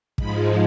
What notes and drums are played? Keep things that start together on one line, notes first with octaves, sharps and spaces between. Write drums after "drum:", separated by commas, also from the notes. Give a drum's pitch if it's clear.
G#2 F3 G#3 B5, drum: kick